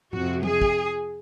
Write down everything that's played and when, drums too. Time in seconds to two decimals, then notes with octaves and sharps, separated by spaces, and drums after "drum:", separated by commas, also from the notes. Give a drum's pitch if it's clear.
0.13 F2 C3 F3 F#4, drum: tom A2
0.43 G#4, drum: tom
0.62 drum: kick